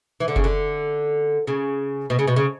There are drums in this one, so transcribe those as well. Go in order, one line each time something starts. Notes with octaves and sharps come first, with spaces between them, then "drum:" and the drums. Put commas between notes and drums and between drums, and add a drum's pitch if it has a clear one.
E3
D3
C#3, drum: kick F#1
D3
C#3
B2
C#3
B2
C#3